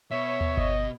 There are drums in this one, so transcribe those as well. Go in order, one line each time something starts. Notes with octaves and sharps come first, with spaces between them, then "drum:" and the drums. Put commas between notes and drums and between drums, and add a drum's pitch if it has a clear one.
B2 C#5 E5
drum: tom D#2
D#5, drum: kick G1